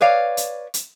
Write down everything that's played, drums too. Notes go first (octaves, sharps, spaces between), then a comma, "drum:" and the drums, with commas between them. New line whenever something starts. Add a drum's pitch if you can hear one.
B4 C#5 D5 F5
drum: hi-hat
drum: hi-hat